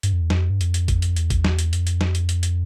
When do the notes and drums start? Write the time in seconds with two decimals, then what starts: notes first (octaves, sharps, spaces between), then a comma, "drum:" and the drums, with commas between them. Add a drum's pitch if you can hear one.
0.03 G2, drum: hi-hat
0.13 F2
0.21 E2
0.30 F2, drum: snare
0.50 G2
0.61 F2, drum: hi-hat
0.74 drum: hi-hat
0.88 drum: kick, hi-hat
1.02 drum: hi-hat
1.16 E2, drum: hi-hat
1.30 drum: kick, hi-hat
1.44 drum: snare
1.59 drum: hi-hat
1.73 F2, drum: hi-hat
1.87 drum: hi-hat
2.01 drum: snare
2.15 drum: hi-hat
2.29 drum: hi-hat
2.43 drum: hi-hat